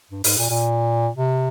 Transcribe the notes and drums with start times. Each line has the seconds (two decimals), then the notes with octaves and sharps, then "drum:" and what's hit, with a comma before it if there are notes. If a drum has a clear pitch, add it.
0.11 G2
0.24 G#2, drum: open hi-hat
0.38 A#2
0.50 A#2
1.16 C3